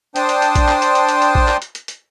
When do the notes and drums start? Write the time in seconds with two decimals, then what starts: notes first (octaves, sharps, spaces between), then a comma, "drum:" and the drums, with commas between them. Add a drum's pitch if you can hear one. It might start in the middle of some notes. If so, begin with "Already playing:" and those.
0.16 D4 C5 G5 A5 C6 D#6, drum: hi-hat
0.29 drum: hi-hat
0.42 drum: hi-hat
0.55 drum: kick A#1, hi-hat
0.69 drum: clap
0.82 drum: hi-hat
0.95 drum: hi-hat
1.09 drum: hi-hat
1.22 drum: hi-hat
1.35 drum: kick A#1
1.48 drum: clap
1.62 drum: hi-hat
1.75 drum: hi-hat
1.88 drum: hi-hat